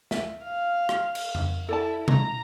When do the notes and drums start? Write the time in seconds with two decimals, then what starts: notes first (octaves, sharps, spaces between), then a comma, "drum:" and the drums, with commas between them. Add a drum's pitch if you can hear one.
0.11 E5, drum: snare
0.44 F5
0.89 drum: rim click
1.15 drum: cymbal
1.35 drum: tom F2
1.69 E4 A4 D5 A5
2.08 A#5, drum: tom B2